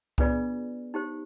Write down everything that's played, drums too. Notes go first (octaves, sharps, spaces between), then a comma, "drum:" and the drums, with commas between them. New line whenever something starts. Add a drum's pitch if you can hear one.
B3 D4 F4 G#4 B4 D5, drum: kick C2
D#4 G4 C5